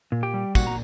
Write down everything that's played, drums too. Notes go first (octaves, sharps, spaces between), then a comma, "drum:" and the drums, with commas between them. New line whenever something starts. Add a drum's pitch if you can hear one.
A#2
G4 G5
G3
A#2 F#4 F#5, drum: kick, tambourine
A#5